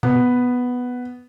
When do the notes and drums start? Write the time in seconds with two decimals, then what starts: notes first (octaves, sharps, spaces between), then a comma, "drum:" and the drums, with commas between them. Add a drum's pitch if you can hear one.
0.03 B3, drum: tom A#2